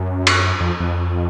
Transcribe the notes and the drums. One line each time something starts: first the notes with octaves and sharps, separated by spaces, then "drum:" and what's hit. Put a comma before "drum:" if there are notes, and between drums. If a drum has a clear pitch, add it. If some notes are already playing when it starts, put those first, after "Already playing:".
Already playing: F#2
drum: cymbal
F2
F2